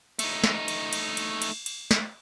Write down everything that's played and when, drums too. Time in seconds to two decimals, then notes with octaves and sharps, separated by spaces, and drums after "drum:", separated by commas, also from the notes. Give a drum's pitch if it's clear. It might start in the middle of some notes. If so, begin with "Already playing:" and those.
0.19 A3 D#4, drum: cymbal
0.44 drum: snare
0.68 drum: cymbal
0.93 drum: cymbal
1.17 drum: cymbal
1.42 drum: cymbal
1.66 drum: cymbal
1.91 drum: snare